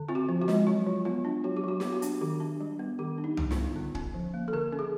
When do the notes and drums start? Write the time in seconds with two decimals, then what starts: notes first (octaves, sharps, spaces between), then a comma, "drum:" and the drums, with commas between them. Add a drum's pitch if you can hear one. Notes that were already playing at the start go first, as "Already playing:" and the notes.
Already playing: D3
0.09 C4 F4
0.15 F#4
0.29 F3
0.42 F#4
0.48 G#3, drum: snare
0.67 F#3 F4
0.86 F#3
1.05 B3 F4
1.25 D4
1.44 F#3 F#4
1.57 G4
1.64 F#3 F#4
1.80 B3 G4, drum: snare
1.93 F#4
2.02 D4, drum: hi-hat
2.21 D#3 G4
2.40 D4
2.61 G3
2.79 B3
2.99 D#3 G4
3.18 D4
3.24 D#4
3.37 G3, drum: tom C2
3.51 F4, drum: snare
3.56 B3
3.76 D3
3.95 C#4, drum: kick
4.14 F3
4.34 A#3
4.48 A4
4.53 D3 A#4
4.72 C#4
4.79 G#4